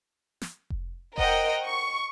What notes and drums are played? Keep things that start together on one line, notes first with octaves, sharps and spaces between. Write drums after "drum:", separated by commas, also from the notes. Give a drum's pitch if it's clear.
drum: snare
drum: kick F1
A#4 C5 D#5 F#5 G5, drum: kick F1
C#6